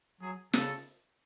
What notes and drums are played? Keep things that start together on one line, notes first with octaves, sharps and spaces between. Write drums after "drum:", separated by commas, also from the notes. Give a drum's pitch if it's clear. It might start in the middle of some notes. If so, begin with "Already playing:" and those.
F#3 G#4
C#3 A4, drum: snare